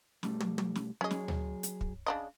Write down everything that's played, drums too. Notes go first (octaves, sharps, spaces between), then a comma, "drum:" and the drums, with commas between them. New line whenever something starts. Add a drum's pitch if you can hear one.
B1 G3 A3, drum: snare
drum: tom
drum: tom
drum: snare
F#3 C#4 G#4 D#5
drum: snare
drum: tom D2
drum: hi-hat
drum: kick
C#3 D4 D#5